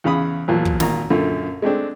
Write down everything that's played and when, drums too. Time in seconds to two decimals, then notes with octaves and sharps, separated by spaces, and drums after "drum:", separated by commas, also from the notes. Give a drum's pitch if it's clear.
0.04 E2 C#3 F5 B5 D#6
0.48 E2 A#2 F3 F#3
0.65 drum: kick
0.80 G#1 A#2 A#5, drum: snare
1.10 F#2 A#2 D3 F4
1.62 G#3 A3 C4 D4